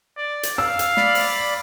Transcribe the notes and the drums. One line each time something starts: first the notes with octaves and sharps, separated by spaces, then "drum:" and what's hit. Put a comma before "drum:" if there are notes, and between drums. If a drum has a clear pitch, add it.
D5
drum: hi-hat
F5 E6
drum: hi-hat
D5 B5, drum: snare
drum: open hi-hat